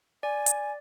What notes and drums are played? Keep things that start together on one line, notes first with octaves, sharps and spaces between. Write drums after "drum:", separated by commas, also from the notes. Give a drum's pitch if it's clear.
D5 G#5
drum: hi-hat